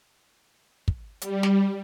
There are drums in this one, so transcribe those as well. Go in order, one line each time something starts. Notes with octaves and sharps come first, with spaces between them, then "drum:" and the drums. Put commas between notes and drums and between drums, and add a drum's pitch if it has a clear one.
drum: kick
G3, drum: hi-hat
drum: snare